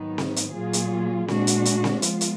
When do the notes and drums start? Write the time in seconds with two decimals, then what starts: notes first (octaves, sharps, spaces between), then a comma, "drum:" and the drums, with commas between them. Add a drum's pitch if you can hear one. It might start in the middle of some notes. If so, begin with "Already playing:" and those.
Already playing: G#2 D#3 F#3 B3 D#4
0.18 drum: snare C4
0.36 drum: hi-hat
0.54 A#2 F#3 A#3 F4 G#4
0.73 drum: hi-hat
1.28 A#2 G#3 D4 F#4, drum: snare C4
1.47 drum: hi-hat
1.65 drum: hi-hat
1.84 drum: snare C4
2.02 F3 G#3 B3 F4, drum: hi-hat
2.21 drum: hi-hat